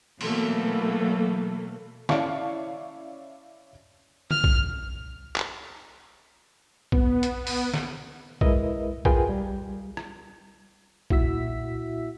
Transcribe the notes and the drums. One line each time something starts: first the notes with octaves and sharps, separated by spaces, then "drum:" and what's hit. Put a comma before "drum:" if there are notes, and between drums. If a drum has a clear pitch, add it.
B2 E3 F#3 A3 A#3, drum: cymbal
C#4 E4 D5 F5 A5 C#6, drum: snare
F6, drum: tom
drum: kick A#1
drum: clap
B3, drum: kick A#1
drum: hi-hat
drum: open hi-hat
drum: snare
G#3 E4 A#4 B4 D#5 E5, drum: kick A#1
F4 G#4 A#4 B4 G5 G#5, drum: kick A#1
G3
drum: rim click
A#2 E4 F#4 E5 E6 B6, drum: kick A#1